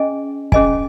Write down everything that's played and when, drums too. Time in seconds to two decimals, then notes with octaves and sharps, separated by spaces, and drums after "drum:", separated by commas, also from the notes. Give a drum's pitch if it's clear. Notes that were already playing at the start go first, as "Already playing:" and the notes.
Already playing: C#4 G#4 D#5 G#5
0.52 C#4 G#4 D#5 G#5, drum: kick